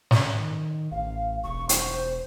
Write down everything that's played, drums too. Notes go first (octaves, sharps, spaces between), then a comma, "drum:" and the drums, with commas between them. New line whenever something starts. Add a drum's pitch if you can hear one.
drum: snare
D#3
A1 F5
E1 C#6
C5, drum: hi-hat